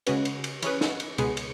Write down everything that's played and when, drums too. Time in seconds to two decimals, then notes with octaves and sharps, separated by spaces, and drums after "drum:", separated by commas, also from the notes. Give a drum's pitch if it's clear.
0.07 C#3 G#3 C#4 F#4 B4, drum: cymbal
0.25 drum: cymbal
0.44 drum: cymbal
0.62 E3 C#4 G#4 B4, drum: cymbal
0.81 drum: snare
1.00 drum: cymbal
1.18 C#2 B2 G#3 B3 G#4, drum: cymbal
1.37 drum: cymbal